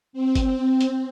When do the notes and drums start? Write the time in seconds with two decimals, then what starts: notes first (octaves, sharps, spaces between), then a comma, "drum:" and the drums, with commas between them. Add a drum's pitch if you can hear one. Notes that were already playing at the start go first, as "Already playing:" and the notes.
0.13 C4
0.35 drum: kick, hi-hat
0.81 drum: hi-hat